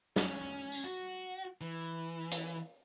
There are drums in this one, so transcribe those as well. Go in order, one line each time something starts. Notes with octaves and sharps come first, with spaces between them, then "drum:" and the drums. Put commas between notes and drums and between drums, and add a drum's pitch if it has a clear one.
C#4, drum: snare
drum: tambourine
F#4
E3
drum: hi-hat